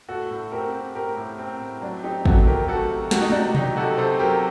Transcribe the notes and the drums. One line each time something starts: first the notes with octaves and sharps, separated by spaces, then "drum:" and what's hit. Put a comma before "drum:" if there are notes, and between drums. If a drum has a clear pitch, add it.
A2 F#4 A4
A2
C4 G4 A#4
C4
A2 G4 A#4
A2
C4
A2
F#3 D4
C4 D#4 G4
F#3 F#4 A4, drum: kick
C3 G4 A#4
A3 F#4 A4
C3
C3 F#4, drum: snare
D#4
C3 D4 F#4, drum: tom G#3
F#3 D#4 G4, drum: tom B2
C3 F#4 A4
C3 A4 C5
F#3 G4 A#4